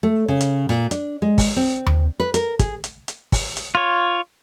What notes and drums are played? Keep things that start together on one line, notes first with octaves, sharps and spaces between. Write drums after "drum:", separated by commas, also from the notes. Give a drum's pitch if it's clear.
A3
C#3
drum: hi-hat
A#2
D4, drum: hi-hat
G#3
drum: kick, open hi-hat
C4
drum: tom D#2
B4
A#4, drum: hi-hat
G#4, drum: kick, hi-hat
drum: hi-hat
drum: hi-hat
drum: kick, open hi-hat
drum: hi-hat
F4 C#5